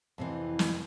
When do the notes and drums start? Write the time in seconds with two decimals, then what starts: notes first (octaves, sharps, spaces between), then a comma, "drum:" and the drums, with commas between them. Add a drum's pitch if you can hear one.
0.18 F2 C3 E3
0.59 drum: snare